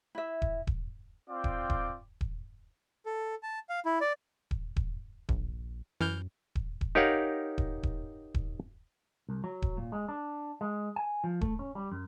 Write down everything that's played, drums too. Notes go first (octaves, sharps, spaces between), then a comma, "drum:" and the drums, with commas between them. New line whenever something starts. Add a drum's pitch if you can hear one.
E4 E5
drum: kick D#1
drum: kick D#1
C4 F4 D5 G5 D6
drum: kick D#1
drum: kick D#1
drum: kick D#1
A4
A5
F5
E4
D5
drum: kick D#1
drum: kick D#1
A#1, drum: kick D#1
F#2 E3 F6 G6
drum: kick D#1
drum: kick D#1
D#4 G4 A#4 C#5 F5 F#5
drum: kick D#1
drum: kick D#1
drum: kick D#1
C2
F#3
drum: kick D#1
A#2
G#3
D4
G#3
G#5
F3
A3, drum: kick D#1
C#4
G3
F#2